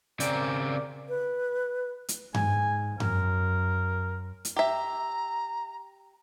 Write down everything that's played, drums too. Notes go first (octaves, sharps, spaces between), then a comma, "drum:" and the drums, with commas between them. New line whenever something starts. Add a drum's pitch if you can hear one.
C#3 C4 A#4 D5, drum: hi-hat
B4
drum: hi-hat
G#2 G#5, drum: tom G2
F#2 A#4, drum: tom G2
drum: hi-hat
G4 E5 A#5